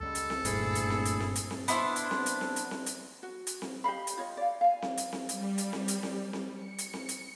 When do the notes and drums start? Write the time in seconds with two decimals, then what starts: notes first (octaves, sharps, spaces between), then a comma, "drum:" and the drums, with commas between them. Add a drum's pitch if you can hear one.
0.01 C#2 F3 G3 G#3 C#4 A4
0.15 drum: hi-hat
0.30 drum: snare C4
0.45 F#1 D2 G2 A#2 E4 G#4, drum: hi-hat
0.75 drum: hi-hat
0.90 drum: snare C4
1.05 drum: hi-hat
1.20 drum: snare C4
1.36 drum: hi-hat
1.51 drum: snare C4
1.68 B3 D4 E4 C5, drum: hi-hat
1.96 drum: hi-hat
2.11 drum: snare C4
2.26 drum: hi-hat
2.41 drum: snare C4
2.56 drum: hi-hat
2.71 drum: snare C4
2.86 drum: hi-hat
3.23 F#4
3.47 drum: hi-hat
3.62 drum: snare C4
3.84 G4 D#5 F5 B5
4.07 drum: hi-hat
4.18 F4 C#5 D#5
4.37 D5 F5
4.61 F5 G#5
4.82 drum: snare C4
4.97 drum: hi-hat
5.13 drum: snare C4
5.29 G3, drum: hi-hat
5.58 drum: hi-hat
5.73 drum: snare C4
5.88 drum: hi-hat
6.03 drum: snare C4
6.33 drum: snare C4
6.54 C#7
6.78 drum: hi-hat
6.94 drum: snare C4
7.09 drum: hi-hat